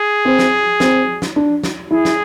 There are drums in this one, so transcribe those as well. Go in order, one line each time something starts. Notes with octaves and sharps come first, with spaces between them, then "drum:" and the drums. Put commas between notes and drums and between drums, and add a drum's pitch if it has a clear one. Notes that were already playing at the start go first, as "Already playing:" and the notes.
Already playing: G#4
C4
drum: snare
C4, drum: snare
drum: snare
D4
drum: snare
E4 G#4
drum: snare